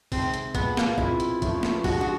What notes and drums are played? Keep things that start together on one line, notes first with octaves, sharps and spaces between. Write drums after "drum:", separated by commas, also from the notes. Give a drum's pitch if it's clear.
C3 D#3 G#3 C4, drum: kick A1, open hi-hat
drum: hi-hat
A#2 F3 G#3 B3, drum: kick A1, hi-hat
A#3, drum: snare
B2 G#3 C4 E4 F4, drum: kick A1
drum: hi-hat
F3 A3 C#4 F4, drum: kick A1, hi-hat
drum: snare
D3 F3 G#3 F#4, drum: kick A1, open hi-hat
F#4